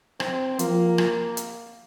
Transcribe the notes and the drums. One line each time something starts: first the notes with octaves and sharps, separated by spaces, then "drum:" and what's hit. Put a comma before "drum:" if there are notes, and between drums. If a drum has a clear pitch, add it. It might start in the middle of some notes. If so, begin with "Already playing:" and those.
C4, drum: rim click
F3 A#3, drum: hi-hat
drum: rim click
drum: hi-hat